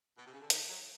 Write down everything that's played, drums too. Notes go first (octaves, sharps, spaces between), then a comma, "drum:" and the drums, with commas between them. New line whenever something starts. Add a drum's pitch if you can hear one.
B2
C3
C#3
D3
D#3, drum: hi-hat
F#3